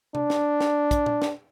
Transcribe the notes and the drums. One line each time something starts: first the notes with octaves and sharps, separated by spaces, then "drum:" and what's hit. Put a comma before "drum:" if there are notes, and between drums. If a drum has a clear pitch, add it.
D4, drum: tom
drum: snare
drum: snare
drum: kick, hi-hat
drum: tom
drum: snare